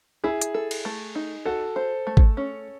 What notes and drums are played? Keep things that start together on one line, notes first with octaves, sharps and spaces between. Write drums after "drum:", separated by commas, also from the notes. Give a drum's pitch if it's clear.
E4 G#4
drum: hi-hat
A4
drum: cymbal
A3
D#4
F#4 A4
C5
A3
drum: kick G#1
C#4